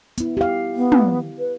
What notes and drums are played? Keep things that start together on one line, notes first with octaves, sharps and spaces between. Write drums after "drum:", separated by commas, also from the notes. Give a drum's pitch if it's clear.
B3 E4, drum: hi-hat
G4 F5
B3
drum: tom
B4